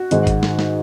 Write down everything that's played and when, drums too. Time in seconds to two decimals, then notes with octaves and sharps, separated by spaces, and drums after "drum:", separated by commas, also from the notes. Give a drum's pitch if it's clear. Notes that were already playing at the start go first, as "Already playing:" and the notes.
Already playing: F#4
0.11 G#2 D#3 G#3, drum: hi-hat
0.27 drum: kick G1, hi-hat
0.43 drum: snare
0.59 drum: snare